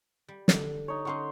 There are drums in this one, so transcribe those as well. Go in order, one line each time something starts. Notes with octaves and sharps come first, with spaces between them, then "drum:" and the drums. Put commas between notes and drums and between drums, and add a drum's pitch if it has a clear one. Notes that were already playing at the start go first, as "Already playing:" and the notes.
G3
D3, drum: snare
D#4 C#5
D3 C#4 D#4 C#5 F#5 C6